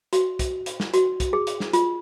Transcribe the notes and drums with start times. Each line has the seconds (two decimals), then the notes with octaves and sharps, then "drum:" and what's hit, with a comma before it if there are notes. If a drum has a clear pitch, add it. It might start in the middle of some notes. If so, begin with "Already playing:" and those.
0.13 F#4, drum: hi-hat
0.39 drum: kick, hi-hat
0.66 drum: hi-hat
0.80 drum: snare
0.94 F#4, drum: hi-hat
1.20 drum: kick, hi-hat
1.33 G#4
1.47 drum: hi-hat
1.60 drum: snare
1.73 F4, drum: hi-hat